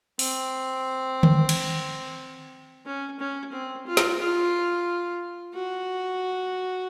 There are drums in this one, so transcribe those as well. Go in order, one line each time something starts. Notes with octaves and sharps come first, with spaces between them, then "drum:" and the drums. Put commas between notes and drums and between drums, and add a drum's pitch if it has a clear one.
C4, drum: open hi-hat
drum: tom D3
drum: cymbal
C#4
C#4
C4
F4
drum: snare
F4
F#4